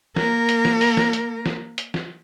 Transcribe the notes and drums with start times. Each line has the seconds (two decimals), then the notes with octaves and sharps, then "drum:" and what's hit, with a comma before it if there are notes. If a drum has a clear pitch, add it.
0.16 A#3 A#4, drum: snare
0.49 drum: hi-hat
0.65 drum: snare
0.81 drum: open hi-hat
0.97 drum: snare
1.13 drum: hi-hat
1.46 drum: snare
1.78 drum: hi-hat
1.94 drum: snare